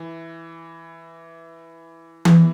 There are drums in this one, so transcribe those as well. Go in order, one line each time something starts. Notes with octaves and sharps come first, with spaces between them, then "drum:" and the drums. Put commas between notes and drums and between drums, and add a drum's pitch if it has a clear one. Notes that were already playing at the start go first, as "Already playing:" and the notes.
Already playing: E3
E3, drum: tom E3